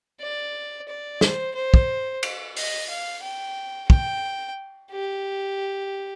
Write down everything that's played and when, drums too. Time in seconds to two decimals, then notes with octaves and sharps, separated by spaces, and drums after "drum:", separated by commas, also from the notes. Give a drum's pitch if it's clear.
0.21 D5
0.88 D5
1.21 C5, drum: snare
1.55 C5
1.74 drum: kick
2.23 drum: cymbal
2.56 D#5, drum: open hi-hat
2.89 F5
3.24 G5
3.90 G5, drum: kick
4.91 G4